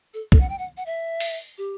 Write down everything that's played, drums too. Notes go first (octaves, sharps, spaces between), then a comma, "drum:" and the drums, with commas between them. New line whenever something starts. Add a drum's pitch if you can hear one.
A4
A4, drum: kick
F#5
G5
F#5
F#5
E5
drum: open hi-hat
G4